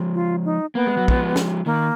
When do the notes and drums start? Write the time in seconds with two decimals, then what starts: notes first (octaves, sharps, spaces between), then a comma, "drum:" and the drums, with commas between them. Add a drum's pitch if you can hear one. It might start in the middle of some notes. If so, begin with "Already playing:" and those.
Already playing: F3 G#3
0.15 F4
0.45 D#4
0.75 A#3 B3
0.87 G#3
0.97 F#3
1.08 F3 G#3, drum: kick
1.36 drum: snare
1.66 D#3 A#3